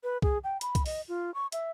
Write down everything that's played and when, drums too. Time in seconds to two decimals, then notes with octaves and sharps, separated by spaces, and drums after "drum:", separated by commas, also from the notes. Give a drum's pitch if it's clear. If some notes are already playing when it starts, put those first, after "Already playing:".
0.03 B4
0.22 G#4, drum: kick C2
0.44 G5
0.61 B5, drum: hi-hat
0.75 drum: kick C2, hi-hat
0.86 D#5, drum: open hi-hat
1.08 F4
1.34 C#6
1.52 E5, drum: hi-hat